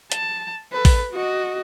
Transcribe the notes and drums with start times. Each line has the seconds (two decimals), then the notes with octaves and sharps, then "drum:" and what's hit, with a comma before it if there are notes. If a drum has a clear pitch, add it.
0.12 A5, drum: hi-hat
0.72 A4 B4
0.85 drum: kick A1, open hi-hat
1.11 F#4 D#5